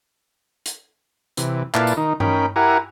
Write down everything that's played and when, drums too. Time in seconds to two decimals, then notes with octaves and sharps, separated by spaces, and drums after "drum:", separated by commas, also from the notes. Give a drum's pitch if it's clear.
0.66 drum: hi-hat
1.37 C3 E3, drum: hi-hat
1.74 A#2 E4 A4 B4 D5 F5, drum: clap
1.87 drum: tambourine
1.97 D#3 D#4
2.20 C#4 D#4 A#4 G5 B5, drum: tom G2
2.56 E4 G4 A#4 F#5 G#5 A#5